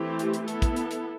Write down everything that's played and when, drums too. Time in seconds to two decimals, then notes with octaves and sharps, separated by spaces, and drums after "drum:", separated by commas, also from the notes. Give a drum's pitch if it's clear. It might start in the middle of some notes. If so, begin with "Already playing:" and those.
Already playing: E3 A3 C4 E4 G4
0.19 drum: hi-hat
0.34 drum: hi-hat
0.48 B3 E4 A4, drum: hi-hat
0.62 drum: kick, hi-hat
0.76 drum: hi-hat
0.91 drum: hi-hat